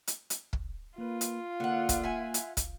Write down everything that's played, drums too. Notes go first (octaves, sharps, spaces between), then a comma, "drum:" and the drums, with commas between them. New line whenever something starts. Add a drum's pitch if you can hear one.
drum: hi-hat
drum: hi-hat
drum: kick
A#3 F4 B4
drum: hi-hat
D3 A#3 F#5
drum: kick, hi-hat
E5 F#5 G#5
drum: hi-hat
drum: kick, hi-hat